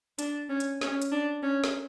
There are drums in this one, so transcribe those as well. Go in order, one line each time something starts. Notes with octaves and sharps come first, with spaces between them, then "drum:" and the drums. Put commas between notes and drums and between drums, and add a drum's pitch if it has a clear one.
D4, drum: hi-hat
C#4
drum: hi-hat
C#4, drum: snare
drum: hi-hat
D4
C#4
drum: snare